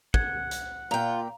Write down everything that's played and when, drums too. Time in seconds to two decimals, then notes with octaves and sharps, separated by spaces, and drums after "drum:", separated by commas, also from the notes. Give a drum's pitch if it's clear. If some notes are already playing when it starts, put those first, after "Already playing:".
0.14 F#5 G#6, drum: kick
0.51 drum: hi-hat
0.91 A#2 F4 F5 G5 A#5 F7